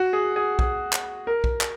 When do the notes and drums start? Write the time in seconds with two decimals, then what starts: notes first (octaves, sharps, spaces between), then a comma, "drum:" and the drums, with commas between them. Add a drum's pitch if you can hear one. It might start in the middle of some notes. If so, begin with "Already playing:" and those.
Already playing: F#4
0.13 G#4
0.36 G#4
0.59 G#4, drum: kick
0.93 drum: clap
1.27 A#4
1.44 drum: kick
1.61 drum: clap